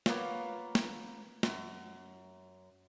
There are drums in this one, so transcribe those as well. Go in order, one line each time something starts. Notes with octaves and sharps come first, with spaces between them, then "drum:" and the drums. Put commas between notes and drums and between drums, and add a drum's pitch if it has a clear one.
A#3 B3 F4 C#5, drum: snare
drum: snare
F#2, drum: snare